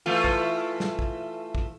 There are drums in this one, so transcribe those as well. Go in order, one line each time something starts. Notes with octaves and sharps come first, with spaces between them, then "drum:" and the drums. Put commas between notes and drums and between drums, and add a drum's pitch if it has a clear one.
E3 A3 F4
drum: kick
drum: snare
drum: kick
drum: kick